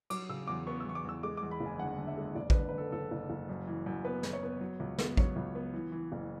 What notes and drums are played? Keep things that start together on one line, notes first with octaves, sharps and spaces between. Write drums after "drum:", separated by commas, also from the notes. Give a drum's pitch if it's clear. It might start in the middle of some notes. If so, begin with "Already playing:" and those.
F#3 D6, drum: cymbal
C#3 E6
E2 D6
B3 C#6
E6
E2 C#6
D6
E2 E6
G#3 D6
D6
E2
B5
F#1
G#5
D3 F#5
D3
E5
G#3
F#1 D5
D3 B4, drum: kick A1
B4
D3 A4
F#1 A4
F#1
F#1
F#2
E3
F#2
B3 B4
F#2, drum: snare
C#5
B3
F#3
C#2
B3, drum: snare
F#3 C#5, drum: kick A1
C#2
B3
E3
E3
F#1